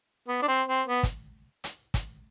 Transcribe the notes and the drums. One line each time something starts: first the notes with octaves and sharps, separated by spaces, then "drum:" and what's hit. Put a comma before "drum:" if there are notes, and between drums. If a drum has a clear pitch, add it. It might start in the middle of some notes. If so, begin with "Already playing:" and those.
B3
D4
C4
C4
B3
drum: kick, hi-hat
drum: hi-hat
drum: kick, hi-hat